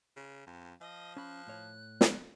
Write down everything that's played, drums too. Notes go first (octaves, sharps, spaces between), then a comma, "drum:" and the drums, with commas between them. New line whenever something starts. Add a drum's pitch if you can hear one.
C#3
F2
F3 D#5
C#4 B5 F#6
A2 C#5
drum: snare